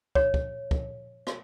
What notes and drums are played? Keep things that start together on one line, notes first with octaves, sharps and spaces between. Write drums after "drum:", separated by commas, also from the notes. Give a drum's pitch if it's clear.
C#5, drum: kick
drum: kick
drum: kick
drum: rim click